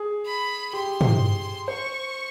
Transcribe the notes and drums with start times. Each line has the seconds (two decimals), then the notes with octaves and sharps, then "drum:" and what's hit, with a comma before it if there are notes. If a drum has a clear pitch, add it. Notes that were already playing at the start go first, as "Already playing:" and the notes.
Already playing: G#4
0.26 B5
0.73 G4 C6
1.01 drum: tom
1.68 C5 C#6